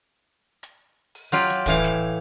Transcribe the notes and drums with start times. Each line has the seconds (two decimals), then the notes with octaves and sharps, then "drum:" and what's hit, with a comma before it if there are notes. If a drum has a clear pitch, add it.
0.63 drum: hi-hat
1.15 drum: open hi-hat
1.32 F#3 F4 G4, drum: hi-hat
1.49 drum: hi-hat
1.66 A2 E3 F5, drum: kick, hi-hat
1.84 drum: snare